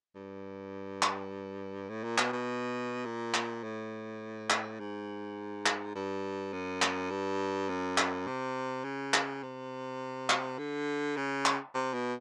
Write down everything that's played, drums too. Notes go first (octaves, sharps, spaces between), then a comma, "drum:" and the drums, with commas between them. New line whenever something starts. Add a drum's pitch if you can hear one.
G2
drum: clap
A2
A#2
B2, drum: clap
B2
A#2
drum: clap
A2
drum: clap
G#2
drum: clap
G2
F#2
drum: clap
G2
F#2
drum: clap
C3
C#3
drum: clap
C3
drum: clap
D3
C#3
drum: clap
C3
B2